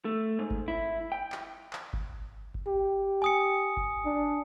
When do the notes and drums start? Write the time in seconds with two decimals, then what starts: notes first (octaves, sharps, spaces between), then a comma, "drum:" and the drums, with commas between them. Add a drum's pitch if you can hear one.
0.05 A3
0.39 G#2
0.50 drum: kick G1
0.68 E4
1.12 G5
1.32 drum: clap
1.73 drum: clap
1.93 drum: kick G1
2.54 drum: kick G1
2.67 G4
3.22 G#5 D#6 C#7
3.77 drum: kick G1
4.05 D4